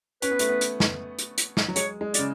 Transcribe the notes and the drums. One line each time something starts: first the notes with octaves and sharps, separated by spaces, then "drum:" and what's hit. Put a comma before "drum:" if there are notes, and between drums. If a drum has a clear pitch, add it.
C#4 B4, drum: hi-hat
B3
A3, drum: hi-hat
B3
drum: hi-hat
drum: snare
drum: hi-hat
drum: hi-hat
drum: snare
F#3
G#3 C#5, drum: hi-hat
G#3
C#3 D5, drum: hi-hat